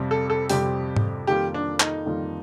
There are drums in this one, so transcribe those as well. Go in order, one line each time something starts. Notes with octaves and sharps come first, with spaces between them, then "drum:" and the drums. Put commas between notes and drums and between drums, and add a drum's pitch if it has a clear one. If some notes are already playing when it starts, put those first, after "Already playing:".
Already playing: F2 C3 G3 C4
A4
A4
F2 C3 G3 C4 G4, drum: open hi-hat
drum: tom G#2
F2 D#3 G3 A#3 F4 G4
D4
D#4, drum: clap
F2 D#3 G3 A#3 F4